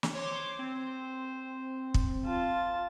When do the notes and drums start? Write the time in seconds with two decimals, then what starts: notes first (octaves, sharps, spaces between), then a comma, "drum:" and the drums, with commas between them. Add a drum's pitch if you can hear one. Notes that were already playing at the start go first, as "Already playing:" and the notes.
0.03 drum: snare
0.15 C5 C#5 C6 D6
0.59 C4
1.94 drum: kick
2.26 F4 A5